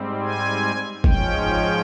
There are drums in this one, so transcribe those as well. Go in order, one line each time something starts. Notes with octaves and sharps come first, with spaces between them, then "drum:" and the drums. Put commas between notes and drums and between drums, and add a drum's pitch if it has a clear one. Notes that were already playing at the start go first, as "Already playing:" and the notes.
Already playing: G#2 G3 C4
G#5
G#2 F3 G#3 C#4 G5, drum: kick